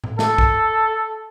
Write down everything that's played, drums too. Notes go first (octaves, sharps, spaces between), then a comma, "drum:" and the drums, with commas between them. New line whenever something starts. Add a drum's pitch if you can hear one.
drum: tom A2
A4, drum: snare
drum: kick